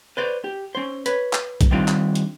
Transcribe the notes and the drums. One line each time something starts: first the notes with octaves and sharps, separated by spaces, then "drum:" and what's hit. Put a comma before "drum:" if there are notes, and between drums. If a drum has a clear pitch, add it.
B4 C5 D5
G4
C#4 C5
B4 C#5, drum: hi-hat
drum: clap
drum: kick, hi-hat
D#3 G3 C4 D4 F4
drum: clap
drum: hi-hat